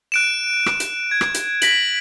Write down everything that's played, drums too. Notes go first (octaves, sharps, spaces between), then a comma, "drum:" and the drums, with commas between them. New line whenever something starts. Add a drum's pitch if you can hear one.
F#6 D7 E7
drum: rim click
drum: hi-hat
G#6
drum: rim click
drum: hi-hat
A#6 B6 D7 F#7, drum: hi-hat